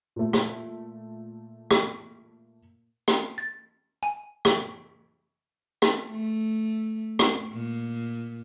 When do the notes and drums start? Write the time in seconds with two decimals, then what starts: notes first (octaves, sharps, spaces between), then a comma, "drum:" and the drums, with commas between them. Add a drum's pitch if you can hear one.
0.16 A#2 A3
0.33 drum: rim click
1.71 drum: rim click
3.08 drum: rim click
3.38 A6
4.03 G#5
4.45 drum: rim click
5.82 drum: rim click
6.10 A3
7.19 drum: rim click
7.53 A#2